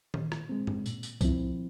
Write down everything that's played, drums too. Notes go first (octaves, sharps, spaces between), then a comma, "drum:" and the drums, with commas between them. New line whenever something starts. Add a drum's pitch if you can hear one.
A#2, drum: tom D#3
drum: rim click
G#3 C4
drum: tom G2
A#2, drum: tambourine
drum: tambourine
F3 C4 E4, drum: kick C2, tambourine